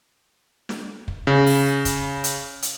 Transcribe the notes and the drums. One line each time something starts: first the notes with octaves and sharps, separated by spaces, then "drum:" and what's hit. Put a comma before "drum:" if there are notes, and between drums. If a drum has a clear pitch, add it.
drum: snare
drum: kick
C#3
drum: open hi-hat
drum: kick, hi-hat
drum: hi-hat
drum: hi-hat